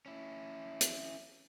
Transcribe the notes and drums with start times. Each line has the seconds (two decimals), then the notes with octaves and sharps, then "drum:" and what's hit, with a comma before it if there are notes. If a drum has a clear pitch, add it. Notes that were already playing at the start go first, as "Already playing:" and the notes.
0.06 C#4 E4
0.81 drum: hi-hat